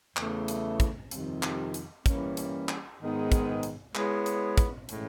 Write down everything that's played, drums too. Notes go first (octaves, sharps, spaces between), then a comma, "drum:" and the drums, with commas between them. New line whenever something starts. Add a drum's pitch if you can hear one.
E2 C#3 E3 A3, drum: clap
drum: hi-hat
drum: kick, hi-hat
F2 C3 D#3 G3 C4, drum: hi-hat
drum: clap
drum: hi-hat
E3 G3 A#3 C#4, drum: kick, hi-hat
drum: hi-hat
drum: clap
G#2 D#3 G#3 B3 D#4
drum: kick, hi-hat
drum: hi-hat
G#3 B3 E4 G#4 C#5, drum: clap
drum: hi-hat
drum: kick, hi-hat
A2 E3 G#3 C#4, drum: hi-hat